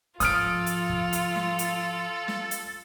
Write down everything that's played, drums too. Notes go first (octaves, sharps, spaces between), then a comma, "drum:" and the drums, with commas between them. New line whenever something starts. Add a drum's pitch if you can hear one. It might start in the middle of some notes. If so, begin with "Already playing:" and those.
G#2 F3 F4 A4 D#6 F6 D7, drum: hi-hat
drum: hi-hat
drum: kick
drum: hi-hat
drum: snare
drum: hi-hat
drum: snare
drum: hi-hat